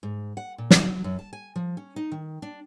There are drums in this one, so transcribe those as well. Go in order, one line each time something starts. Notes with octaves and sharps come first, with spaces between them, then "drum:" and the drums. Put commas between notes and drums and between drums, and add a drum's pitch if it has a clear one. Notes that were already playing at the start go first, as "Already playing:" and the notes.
G#2
F#5
A#2
drum: snare
F#3
F#2
A5
G#5
F3
C#4
D#4
D#3
D4